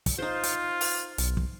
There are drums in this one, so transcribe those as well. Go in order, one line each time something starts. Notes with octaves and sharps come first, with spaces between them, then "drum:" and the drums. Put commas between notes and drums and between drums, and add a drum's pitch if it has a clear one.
drum: kick, hi-hat
D#4 F4 C5
drum: hi-hat
drum: open hi-hat
B1, drum: hi-hat
drum: kick